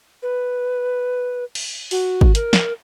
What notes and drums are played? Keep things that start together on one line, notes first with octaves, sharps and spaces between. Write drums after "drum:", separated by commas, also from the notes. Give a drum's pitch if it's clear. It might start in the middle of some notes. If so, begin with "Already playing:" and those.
B4
drum: cymbal
F#4, drum: open hi-hat
drum: kick G#1
A#4, drum: hi-hat
drum: snare